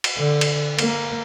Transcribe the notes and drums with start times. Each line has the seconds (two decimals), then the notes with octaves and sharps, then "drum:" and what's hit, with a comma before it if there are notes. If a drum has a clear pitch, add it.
0.04 drum: cymbal
0.18 D3
0.41 drum: cymbal
0.79 A#3, drum: cymbal